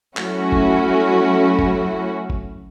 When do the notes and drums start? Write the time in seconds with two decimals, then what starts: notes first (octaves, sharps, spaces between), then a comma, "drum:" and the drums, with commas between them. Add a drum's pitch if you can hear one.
0.17 F#3 A3 C#4 E4 F#4, drum: clap
0.52 drum: kick
1.59 drum: kick
2.30 drum: kick